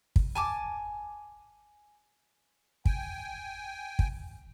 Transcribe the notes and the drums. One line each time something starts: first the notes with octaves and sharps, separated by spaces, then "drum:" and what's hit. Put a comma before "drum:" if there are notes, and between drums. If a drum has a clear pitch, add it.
drum: kick
G#5 A5 D6
G5 G#5, drum: kick
drum: kick